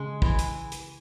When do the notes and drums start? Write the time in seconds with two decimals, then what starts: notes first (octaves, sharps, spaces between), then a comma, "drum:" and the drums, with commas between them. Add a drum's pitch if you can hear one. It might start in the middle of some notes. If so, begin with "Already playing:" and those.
Already playing: C#3 G#3
0.22 E3, drum: kick
0.39 drum: hi-hat
0.72 drum: hi-hat